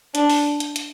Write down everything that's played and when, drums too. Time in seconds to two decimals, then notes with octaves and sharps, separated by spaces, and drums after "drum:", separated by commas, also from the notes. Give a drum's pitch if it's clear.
0.15 D4, drum: hi-hat
0.29 drum: open hi-hat
0.60 drum: hi-hat
0.76 drum: hi-hat